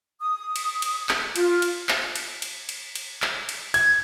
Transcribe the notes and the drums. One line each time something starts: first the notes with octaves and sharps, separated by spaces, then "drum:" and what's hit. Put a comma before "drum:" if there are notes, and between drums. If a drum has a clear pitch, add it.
D#6
drum: cymbal
drum: cymbal
drum: clap
F4, drum: cymbal
drum: cymbal
drum: clap
drum: cymbal
drum: cymbal
drum: cymbal
drum: cymbal
drum: clap
drum: cymbal
G#6, drum: cymbal